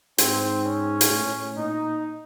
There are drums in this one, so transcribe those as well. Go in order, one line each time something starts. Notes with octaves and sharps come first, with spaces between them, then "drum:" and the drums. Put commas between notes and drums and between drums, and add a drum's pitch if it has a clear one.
G#2 C4, drum: hi-hat
C#4
drum: hi-hat
A2
A#2 D#4